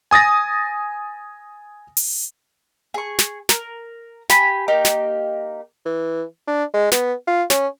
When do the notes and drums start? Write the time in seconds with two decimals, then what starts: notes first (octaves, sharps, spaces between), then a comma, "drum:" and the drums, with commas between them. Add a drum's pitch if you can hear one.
0.11 G#5 D#6 A6 A#6
1.97 drum: open hi-hat
2.94 G#4 C#6
3.19 drum: snare
3.49 A#4, drum: snare
4.30 G4 G#5 B5, drum: snare
4.68 A#3 D#4 G4
4.85 drum: snare
5.86 E3
6.48 D4
6.74 G#3
6.92 B3, drum: snare
7.27 F4
7.50 C#4, drum: snare